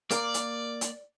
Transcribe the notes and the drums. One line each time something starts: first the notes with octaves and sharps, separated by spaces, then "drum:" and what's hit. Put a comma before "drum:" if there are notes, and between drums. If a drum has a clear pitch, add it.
A#3 A#4 D5, drum: hi-hat
drum: hi-hat
drum: hi-hat